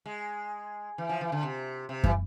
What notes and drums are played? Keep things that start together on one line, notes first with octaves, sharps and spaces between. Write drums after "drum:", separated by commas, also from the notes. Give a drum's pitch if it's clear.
G#3
E3
F3
E3
D3
C3
C3
E3, drum: kick